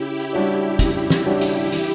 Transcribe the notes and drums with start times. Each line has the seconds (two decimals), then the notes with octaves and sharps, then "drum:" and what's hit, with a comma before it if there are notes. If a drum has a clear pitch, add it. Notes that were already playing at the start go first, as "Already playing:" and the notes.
Already playing: C#3 E4 G4
0.33 G3 D4 F#4 C#5
0.79 C#3 E4 G4, drum: kick, hi-hat
1.10 drum: snare
1.25 G3 D4 F#4 C#5
1.41 drum: hi-hat
1.72 E3, drum: hi-hat